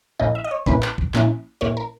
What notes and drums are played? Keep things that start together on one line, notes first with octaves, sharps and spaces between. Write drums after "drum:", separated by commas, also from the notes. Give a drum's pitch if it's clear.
A#1 A#2 A#3 C#4 E4 D#5
E5
D#5
C#5
A#1 A#2 A#3 C#4 E4 B4, drum: kick
drum: clap
drum: kick
A#1 A#2 A#3 C#4 E4, drum: clap
A#1 A#2 A#3 C#4 E4 C#5
A#4